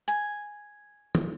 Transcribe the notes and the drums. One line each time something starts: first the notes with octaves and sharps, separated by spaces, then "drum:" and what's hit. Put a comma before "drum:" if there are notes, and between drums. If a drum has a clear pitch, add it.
G#5
drum: tom